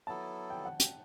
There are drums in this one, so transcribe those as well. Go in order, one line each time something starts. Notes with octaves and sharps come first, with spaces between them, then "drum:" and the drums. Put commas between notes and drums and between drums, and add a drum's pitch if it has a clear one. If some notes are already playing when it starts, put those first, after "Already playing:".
F#3 B3 E4 A4 A5
G5
F#5
G5, drum: hi-hat